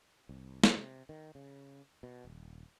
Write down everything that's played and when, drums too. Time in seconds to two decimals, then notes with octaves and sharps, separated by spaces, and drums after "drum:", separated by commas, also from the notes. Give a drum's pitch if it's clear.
0.29 C2
0.64 E2, drum: snare
0.77 C3
1.09 D#3
1.35 C#3
2.03 B2
2.25 D#1